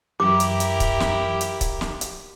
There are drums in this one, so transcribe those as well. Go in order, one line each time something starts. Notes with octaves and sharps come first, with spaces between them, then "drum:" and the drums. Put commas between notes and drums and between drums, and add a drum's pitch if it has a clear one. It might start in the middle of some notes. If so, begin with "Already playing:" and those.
F#2 E3 E4 G4 A#4 D6
drum: hi-hat
drum: hi-hat
drum: kick C#1, hi-hat
drum: snare
drum: hi-hat
drum: kick C#1, hi-hat
drum: snare
drum: hi-hat